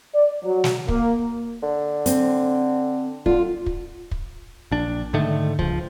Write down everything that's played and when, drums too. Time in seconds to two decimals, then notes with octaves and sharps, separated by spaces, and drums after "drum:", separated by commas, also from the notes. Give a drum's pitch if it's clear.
0.15 D5
0.43 F#3
0.64 drum: snare
0.88 A#3, drum: kick
1.63 D3
2.06 C4, drum: hi-hat
3.26 D3 F4, drum: kick
3.66 drum: kick
4.11 drum: kick
4.72 A#1 D4
5.13 G#2 D3 D#3 A3
5.59 C#2 F3, drum: kick